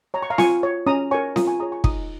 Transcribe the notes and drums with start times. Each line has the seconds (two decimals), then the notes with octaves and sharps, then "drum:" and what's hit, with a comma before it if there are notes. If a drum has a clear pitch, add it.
0.14 C#5 A#5
0.23 C#6
0.30 F5 A#5
0.38 F4 G#5 C#6, drum: snare C4
0.63 C#5
0.87 C#4 A#5 D#6
1.11 A#4 C#5 G#5 C#6
1.36 F4 A#5 D#6, drum: snare C4
1.47 G#5 C#6
1.60 G#4 C#5 A#5 D#6
1.72 G#5 C#6
1.84 D#4 A#5 D#6, drum: kick